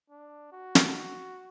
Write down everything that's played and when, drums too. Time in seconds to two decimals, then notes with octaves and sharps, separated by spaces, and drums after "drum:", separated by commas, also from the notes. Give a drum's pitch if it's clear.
0.10 D4
0.52 F#4
0.75 drum: snare